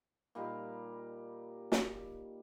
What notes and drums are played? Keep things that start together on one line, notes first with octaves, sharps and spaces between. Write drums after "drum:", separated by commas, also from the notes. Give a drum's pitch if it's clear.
A#2 G3 D#4 F5
drum: snare